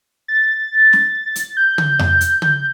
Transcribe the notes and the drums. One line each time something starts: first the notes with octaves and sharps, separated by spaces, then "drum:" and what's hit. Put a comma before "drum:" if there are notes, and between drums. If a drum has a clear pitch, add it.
A6
drum: snare
drum: hi-hat
G6
drum: tom
drum: tom F2
drum: hi-hat
drum: tom